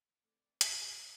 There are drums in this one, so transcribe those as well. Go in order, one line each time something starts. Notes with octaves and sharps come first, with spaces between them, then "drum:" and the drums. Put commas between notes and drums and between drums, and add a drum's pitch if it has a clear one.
E3 A3 C4 D5
drum: hi-hat